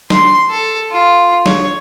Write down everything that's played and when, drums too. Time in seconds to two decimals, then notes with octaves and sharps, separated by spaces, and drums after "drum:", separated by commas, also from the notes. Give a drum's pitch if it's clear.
0.10 C6, drum: snare
0.50 A4
0.91 F4
1.46 C#5, drum: snare